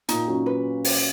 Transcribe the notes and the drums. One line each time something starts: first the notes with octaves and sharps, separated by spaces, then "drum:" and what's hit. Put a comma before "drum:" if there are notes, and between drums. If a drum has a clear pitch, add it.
A#2 D#4, drum: hi-hat
F#3 C#4
B4
drum: open hi-hat